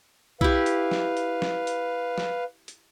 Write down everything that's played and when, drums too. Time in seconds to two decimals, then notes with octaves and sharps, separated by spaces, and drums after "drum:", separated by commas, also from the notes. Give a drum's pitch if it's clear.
0.41 E4 G4 B4 F5, drum: kick B1
0.66 drum: hi-hat
0.91 drum: snare
1.17 drum: hi-hat
1.42 drum: snare
1.67 drum: hi-hat
2.18 drum: snare
2.68 drum: hi-hat